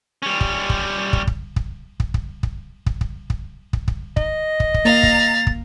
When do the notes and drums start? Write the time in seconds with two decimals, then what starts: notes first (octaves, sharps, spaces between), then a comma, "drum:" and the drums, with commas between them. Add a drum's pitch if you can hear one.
0.23 G3 C#4
0.41 drum: kick
0.70 drum: kick
1.13 drum: kick
1.27 drum: kick
1.56 drum: kick
2.00 drum: kick
2.14 drum: kick
2.43 drum: kick
2.86 drum: kick
3.01 drum: kick
3.30 drum: kick
3.73 drum: kick
3.88 drum: kick
4.17 D#5, drum: kick
4.60 drum: kick
4.74 drum: kick
4.85 A#3 F5 A#5 A6
5.03 drum: kick
5.47 drum: kick